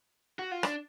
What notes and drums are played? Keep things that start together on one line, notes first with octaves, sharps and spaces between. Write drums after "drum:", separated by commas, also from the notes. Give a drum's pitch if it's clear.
F#4
F4
D4, drum: rim click